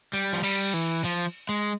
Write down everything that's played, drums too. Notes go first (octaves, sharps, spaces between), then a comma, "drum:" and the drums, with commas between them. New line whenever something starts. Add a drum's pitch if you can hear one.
G3
F3
G3, drum: cymbal
E3
F3
G#3